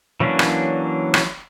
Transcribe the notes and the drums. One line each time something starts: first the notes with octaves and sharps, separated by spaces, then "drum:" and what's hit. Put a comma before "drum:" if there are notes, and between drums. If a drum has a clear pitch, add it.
E3 F#3 A#3 C#4 D4
drum: rim click
drum: rim click